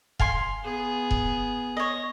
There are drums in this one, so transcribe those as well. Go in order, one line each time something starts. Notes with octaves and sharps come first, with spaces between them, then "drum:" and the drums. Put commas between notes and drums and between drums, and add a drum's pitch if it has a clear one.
F5 G#5 C6, drum: kick E1
B3 G#4
drum: kick E1
C#5 D#5